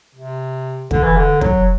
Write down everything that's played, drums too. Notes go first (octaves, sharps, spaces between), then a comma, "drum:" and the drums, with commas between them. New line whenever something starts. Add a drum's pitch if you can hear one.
C3
D3, drum: kick
E3
D3
F#3, drum: kick